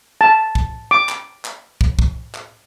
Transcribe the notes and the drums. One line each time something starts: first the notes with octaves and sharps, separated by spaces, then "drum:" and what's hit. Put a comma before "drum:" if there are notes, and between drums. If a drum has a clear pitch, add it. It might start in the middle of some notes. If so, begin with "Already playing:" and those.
A5
drum: kick
D6
drum: clap
drum: clap
drum: kick
drum: kick
drum: clap